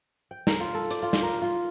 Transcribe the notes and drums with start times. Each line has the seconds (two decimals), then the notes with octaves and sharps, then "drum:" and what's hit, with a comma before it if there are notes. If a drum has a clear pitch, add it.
0.31 G5
0.47 A#4, drum: snare
0.60 F4
0.74 A4
0.90 D5, drum: hi-hat
1.03 F4
1.13 drum: snare
1.23 A#4
1.42 F4